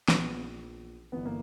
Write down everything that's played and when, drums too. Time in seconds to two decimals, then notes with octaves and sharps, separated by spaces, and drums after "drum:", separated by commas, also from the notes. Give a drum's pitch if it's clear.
0.08 A#1 A#2 B3, drum: snare
1.12 G1 G2 E3 B3
1.25 A#3